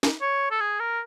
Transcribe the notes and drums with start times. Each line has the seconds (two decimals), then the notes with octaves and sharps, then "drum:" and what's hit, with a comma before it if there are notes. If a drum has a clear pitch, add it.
0.03 drum: snare
0.21 C#5
0.51 A4
0.60 G#4
0.80 A#4